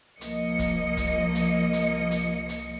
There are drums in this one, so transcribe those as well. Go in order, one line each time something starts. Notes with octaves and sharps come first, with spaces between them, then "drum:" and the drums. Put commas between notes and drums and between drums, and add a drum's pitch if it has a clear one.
C2 F3 A#3 D#5 C#7, drum: hi-hat
drum: kick, hi-hat
drum: kick, hi-hat
drum: hi-hat
drum: hi-hat
drum: hi-hat
drum: hi-hat